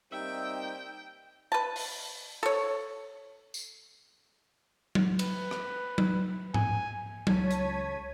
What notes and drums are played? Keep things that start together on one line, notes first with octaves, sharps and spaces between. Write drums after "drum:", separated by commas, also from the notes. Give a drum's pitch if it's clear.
G3 A#3 C4 D#4 E5 G5
B4 A5
drum: open hi-hat
A4 C#5
drum: tambourine
drum: tom F#3
B4, drum: cymbal
drum: rim click
drum: tom F#3
G#5, drum: tom G#2
C#2 C#5 A5 G#6 B6 D#7, drum: tom F#3
drum: hi-hat